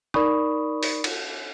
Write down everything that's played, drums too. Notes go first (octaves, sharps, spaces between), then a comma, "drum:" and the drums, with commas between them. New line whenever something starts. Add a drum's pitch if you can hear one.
D#4 A#4 D5 B5 C#6 D#6, drum: rim click
drum: open hi-hat
drum: cymbal